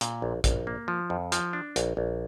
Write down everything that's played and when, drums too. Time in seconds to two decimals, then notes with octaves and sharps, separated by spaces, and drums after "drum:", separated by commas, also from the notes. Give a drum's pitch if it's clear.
0.01 A#2, drum: hi-hat
0.22 A#1
0.44 A#1, drum: kick A#1, hi-hat
0.67 A#3
0.88 F3
1.10 F2
1.32 F3, drum: hi-hat
1.53 D4
1.76 A#1, drum: hi-hat
1.97 A#1